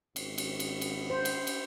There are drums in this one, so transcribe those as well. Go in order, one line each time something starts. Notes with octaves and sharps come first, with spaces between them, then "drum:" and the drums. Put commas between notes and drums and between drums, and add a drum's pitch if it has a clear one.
G#1, drum: cymbal
drum: cymbal
drum: cymbal
drum: cymbal
C5
drum: cymbal
drum: cymbal